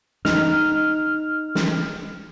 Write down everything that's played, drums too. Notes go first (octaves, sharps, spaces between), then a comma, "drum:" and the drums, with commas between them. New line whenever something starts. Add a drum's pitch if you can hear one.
D#4 F6, drum: snare
drum: snare